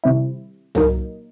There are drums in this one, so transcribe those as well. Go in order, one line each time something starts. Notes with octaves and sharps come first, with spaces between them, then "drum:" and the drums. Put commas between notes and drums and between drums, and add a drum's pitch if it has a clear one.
C3 D#3 G3 C4 E4
A#2 F#3 A#3 D#4, drum: tom C2